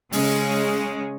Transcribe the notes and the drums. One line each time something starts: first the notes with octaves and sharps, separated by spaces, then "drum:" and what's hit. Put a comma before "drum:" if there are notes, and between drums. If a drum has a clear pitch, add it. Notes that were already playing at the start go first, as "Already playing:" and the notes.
C#3 G#3 C#4, drum: open hi-hat